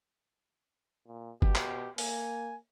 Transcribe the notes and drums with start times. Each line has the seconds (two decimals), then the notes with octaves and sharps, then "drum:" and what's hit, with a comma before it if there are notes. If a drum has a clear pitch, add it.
1.07 A#2
1.42 B2 G4, drum: kick G1
1.55 drum: clap
1.98 A#3 G#5, drum: open hi-hat